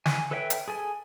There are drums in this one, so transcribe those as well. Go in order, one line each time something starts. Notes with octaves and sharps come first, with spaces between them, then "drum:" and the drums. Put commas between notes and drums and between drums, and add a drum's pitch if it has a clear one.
G#5, drum: snare
A4 B4 C#5 E5 G5
drum: hi-hat
G#4 A4 G#5